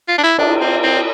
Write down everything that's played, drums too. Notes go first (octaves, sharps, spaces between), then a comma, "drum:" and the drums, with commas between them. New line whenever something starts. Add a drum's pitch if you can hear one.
F4
D4
E4
D4, drum: cymbal
C4
C4